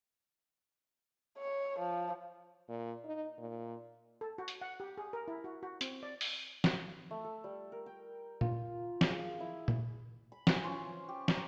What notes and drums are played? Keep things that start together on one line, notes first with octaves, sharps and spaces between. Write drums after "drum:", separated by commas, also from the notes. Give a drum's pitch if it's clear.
C#5
F3
A#2
D#4
A#2
A4
F#4
drum: hi-hat
F#5
G4
G#4
A#4
E4
F#4
F#4
C4, drum: hi-hat
D5
drum: open hi-hat
drum: snare
A3
A4
G3
A#4
G5
F4, drum: tom A#2
G#4, drum: snare
E4
G#4, drum: tom A#2
B5
E3, drum: snare
C#4 F4 C5
G4
A#4, drum: snare